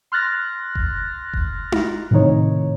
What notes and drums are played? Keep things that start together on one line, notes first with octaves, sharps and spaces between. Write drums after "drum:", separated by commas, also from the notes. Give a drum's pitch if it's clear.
C6 F6 F#6 A6 A#6
drum: kick F1
drum: kick F1
drum: tom D#4
A2 C3 D#3 D#4 C#5